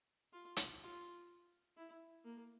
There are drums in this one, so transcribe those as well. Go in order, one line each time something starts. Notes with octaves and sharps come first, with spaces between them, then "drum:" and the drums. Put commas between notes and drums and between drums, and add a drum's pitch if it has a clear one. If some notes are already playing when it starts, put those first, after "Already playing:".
F4
drum: hi-hat
F4
E4
A#3